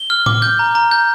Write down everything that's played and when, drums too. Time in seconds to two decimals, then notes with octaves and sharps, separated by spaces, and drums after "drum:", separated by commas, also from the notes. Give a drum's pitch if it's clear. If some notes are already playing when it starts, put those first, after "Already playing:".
Already playing: G7
0.10 F6
0.26 D6, drum: tom A2
0.42 G6
0.59 A#5
0.75 A#5
0.91 G6